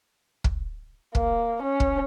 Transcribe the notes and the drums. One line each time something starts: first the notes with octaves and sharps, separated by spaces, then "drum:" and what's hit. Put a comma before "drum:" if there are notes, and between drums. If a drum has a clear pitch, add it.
drum: kick
A#3, drum: kick
C#4
drum: kick